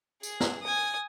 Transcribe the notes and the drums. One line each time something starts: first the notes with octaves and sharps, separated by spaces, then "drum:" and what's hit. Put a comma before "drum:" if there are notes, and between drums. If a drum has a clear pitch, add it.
G#4, drum: tambourine
drum: snare
G#5 D#6